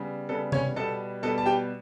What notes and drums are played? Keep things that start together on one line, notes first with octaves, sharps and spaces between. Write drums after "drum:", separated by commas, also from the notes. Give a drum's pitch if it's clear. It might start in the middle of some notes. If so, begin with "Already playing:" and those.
Already playing: C#3 G3 B3
C#3 G3 B3 A4
C#4 C#5, drum: tom
B2 G3 B3 A4 A5
B2 G3 B3 A4 A5
A5
G4 G5